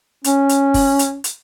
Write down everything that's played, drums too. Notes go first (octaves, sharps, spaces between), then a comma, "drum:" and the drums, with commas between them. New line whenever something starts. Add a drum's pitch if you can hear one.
C#4, drum: hi-hat
drum: hi-hat
drum: kick F#1, open hi-hat
drum: hi-hat
drum: hi-hat